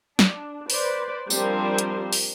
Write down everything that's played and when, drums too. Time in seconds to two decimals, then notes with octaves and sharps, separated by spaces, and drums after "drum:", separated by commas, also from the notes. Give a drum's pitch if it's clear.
0.19 D4, drum: snare
0.70 B4 C5 D5, drum: open hi-hat
1.30 F3 G3 C4 D4 A#4 C5, drum: tambourine
1.78 drum: hi-hat
2.13 drum: open hi-hat